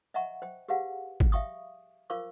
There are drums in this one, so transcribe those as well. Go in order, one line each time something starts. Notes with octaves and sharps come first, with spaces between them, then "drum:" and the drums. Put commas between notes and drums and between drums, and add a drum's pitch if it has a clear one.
D#5 E5 F#5 A#5 C#6
C5 G5
G4 G#4 B4 F5 F#5
drum: kick
E5 F5 G5 C#6 D#6
F4 A#4 C5 F5 C#6 D6